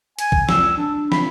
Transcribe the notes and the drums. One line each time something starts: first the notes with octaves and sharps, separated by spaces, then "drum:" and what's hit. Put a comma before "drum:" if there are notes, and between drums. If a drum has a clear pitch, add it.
G#5, drum: hi-hat
drum: kick
E6, drum: snare
D4
B5, drum: snare